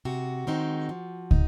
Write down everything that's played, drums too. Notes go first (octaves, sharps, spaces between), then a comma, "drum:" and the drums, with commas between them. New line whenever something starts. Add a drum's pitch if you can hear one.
C3 F#4
D#3 G#3 C4 D#4
F3
D#4, drum: kick